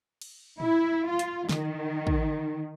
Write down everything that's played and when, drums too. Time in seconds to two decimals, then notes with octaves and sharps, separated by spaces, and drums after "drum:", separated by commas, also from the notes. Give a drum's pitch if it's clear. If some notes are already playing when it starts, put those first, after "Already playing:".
0.21 drum: cymbal
0.60 E4, drum: tom A2
1.08 F4
1.19 drum: hi-hat
1.49 D#3, drum: snare
2.07 drum: kick